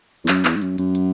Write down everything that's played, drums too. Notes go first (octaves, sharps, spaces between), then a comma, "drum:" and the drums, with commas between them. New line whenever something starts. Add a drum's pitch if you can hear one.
E2
F#2, drum: clap
E2, drum: clap
G#2
F#2, drum: hi-hat
F#2, drum: hi-hat
drum: hi-hat